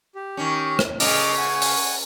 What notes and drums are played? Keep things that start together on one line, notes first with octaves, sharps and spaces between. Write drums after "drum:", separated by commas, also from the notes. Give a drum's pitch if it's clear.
G4
D#3 C#4
drum: rim click
C#3 D#5 D6 F6, drum: open hi-hat
F#5 G#5
drum: open hi-hat